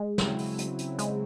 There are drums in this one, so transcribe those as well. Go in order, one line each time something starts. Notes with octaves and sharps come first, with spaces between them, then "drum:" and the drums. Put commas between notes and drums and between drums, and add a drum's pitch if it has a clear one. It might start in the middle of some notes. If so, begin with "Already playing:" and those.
Already playing: G#3
C#3 F#3 C4 E4, drum: snare
drum: open hi-hat
drum: hi-hat
drum: hi-hat
G#3, drum: hi-hat